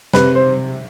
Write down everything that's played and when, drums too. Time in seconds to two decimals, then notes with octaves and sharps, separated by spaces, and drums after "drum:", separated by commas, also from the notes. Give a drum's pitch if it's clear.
0.13 C3 B4, drum: snare
0.35 C5